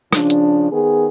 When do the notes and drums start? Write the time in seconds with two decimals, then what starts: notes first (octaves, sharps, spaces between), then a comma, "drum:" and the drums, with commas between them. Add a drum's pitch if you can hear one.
0.13 C#3 F3 D4, drum: rim click
0.30 drum: hi-hat
0.72 D#3 B3 G#4